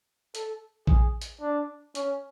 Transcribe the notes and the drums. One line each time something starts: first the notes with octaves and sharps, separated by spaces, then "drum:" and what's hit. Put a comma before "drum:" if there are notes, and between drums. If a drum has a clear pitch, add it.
A4, drum: hi-hat
G#4, drum: kick A#1
drum: hi-hat
D4
C#4, drum: hi-hat